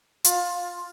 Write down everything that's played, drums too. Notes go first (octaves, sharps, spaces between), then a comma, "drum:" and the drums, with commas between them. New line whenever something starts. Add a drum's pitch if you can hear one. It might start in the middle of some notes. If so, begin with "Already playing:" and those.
F4, drum: hi-hat